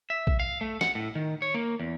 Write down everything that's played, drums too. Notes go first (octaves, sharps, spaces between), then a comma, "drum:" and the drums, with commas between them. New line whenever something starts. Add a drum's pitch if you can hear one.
E5
drum: kick A#1
F5
A3
F#5, drum: snare
A2
D#3
C#5
A#3
E2